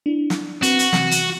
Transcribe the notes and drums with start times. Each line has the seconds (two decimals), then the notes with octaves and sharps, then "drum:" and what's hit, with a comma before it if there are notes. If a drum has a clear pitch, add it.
0.06 D4 E4
0.30 drum: snare
0.63 C4 F#4 B4, drum: hi-hat
0.79 drum: hi-hat
0.93 C3 E3, drum: snare
1.11 drum: hi-hat